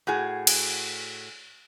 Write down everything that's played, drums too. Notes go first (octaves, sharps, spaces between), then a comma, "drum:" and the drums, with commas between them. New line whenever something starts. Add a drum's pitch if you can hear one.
A2 F#4 G#4
drum: cymbal